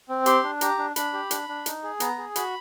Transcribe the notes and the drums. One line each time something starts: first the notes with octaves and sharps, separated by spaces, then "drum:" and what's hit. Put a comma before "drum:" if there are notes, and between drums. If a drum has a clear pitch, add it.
C4
G4 C6, drum: hi-hat
D4
G4 A#5, drum: hi-hat
D4
D4 B5, drum: hi-hat
G4
D4, drum: hi-hat
D4
D#4, drum: hi-hat
G#4
B3 A#5, drum: hi-hat
G#4
F#4 B5, drum: hi-hat